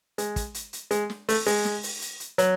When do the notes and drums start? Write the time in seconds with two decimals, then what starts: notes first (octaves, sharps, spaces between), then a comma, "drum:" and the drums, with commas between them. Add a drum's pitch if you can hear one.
0.18 G#3, drum: hi-hat
0.36 drum: kick, hi-hat
0.54 drum: hi-hat
0.73 drum: hi-hat
0.91 G#3, drum: hi-hat
1.10 drum: snare
1.29 A3, drum: open hi-hat
1.46 G#3, drum: open hi-hat
1.65 drum: snare
1.83 drum: open hi-hat
2.01 drum: hi-hat
2.20 drum: hi-hat
2.38 F#3, drum: hi-hat